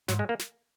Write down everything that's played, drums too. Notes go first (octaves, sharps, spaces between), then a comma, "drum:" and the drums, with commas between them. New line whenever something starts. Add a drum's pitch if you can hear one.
G#2 F#3, drum: snare
G#3
A#3
drum: snare